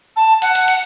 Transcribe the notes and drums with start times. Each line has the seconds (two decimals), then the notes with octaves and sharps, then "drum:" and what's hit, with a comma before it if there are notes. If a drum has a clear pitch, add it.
0.16 A5
0.42 F#5, drum: hi-hat
0.55 drum: hi-hat
0.68 drum: hi-hat